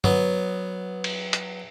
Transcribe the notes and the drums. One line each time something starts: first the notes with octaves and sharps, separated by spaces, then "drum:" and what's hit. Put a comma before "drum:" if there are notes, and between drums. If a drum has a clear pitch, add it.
F#3 B3, drum: tom G2
drum: cymbal
drum: hi-hat